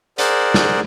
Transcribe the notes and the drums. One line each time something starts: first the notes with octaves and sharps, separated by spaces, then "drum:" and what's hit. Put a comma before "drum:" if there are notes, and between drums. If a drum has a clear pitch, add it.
G#4 A#4 C5 D5 F#5, drum: hi-hat
drum: snare